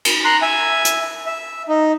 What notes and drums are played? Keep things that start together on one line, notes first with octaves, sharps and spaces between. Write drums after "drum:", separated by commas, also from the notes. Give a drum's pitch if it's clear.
drum: cymbal
A#5 C6 F#6
E5 G#5
drum: hi-hat
E5
D#4